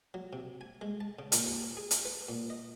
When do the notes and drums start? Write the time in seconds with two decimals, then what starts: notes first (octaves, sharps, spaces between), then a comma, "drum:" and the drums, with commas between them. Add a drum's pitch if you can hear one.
0.14 F#3
0.33 C3
0.61 G#5
0.81 G#3
1.01 A5
1.19 C#3
1.32 A#2, drum: hi-hat
1.46 D#2
1.77 G#4
1.91 drum: hi-hat
2.05 B4
2.29 A#2
2.50 D#5